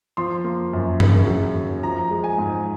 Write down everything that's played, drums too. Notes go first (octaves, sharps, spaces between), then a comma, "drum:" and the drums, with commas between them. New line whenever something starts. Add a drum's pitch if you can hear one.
F3 C6
A#3
F#2
C#3, drum: tom G2
F#3
D#2
F3 A#5
G#3
G#5
G#2